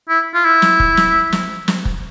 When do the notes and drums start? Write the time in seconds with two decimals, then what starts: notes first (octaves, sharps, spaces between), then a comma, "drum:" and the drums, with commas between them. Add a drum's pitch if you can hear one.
0.09 E4
0.35 F4
0.45 E4
0.62 drum: snare
0.80 drum: kick
0.97 drum: snare
1.32 drum: snare
1.68 drum: snare
1.85 drum: kick